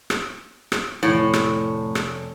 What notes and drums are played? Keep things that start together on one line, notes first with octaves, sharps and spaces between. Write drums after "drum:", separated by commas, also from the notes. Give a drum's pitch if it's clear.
drum: rim click
drum: rim click
F1 A2 C#5
drum: rim click
drum: rim click